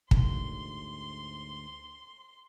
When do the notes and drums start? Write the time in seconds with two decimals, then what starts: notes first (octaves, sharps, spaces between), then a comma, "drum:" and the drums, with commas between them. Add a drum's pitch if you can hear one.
0.11 D2 G#2 A#3 C6, drum: kick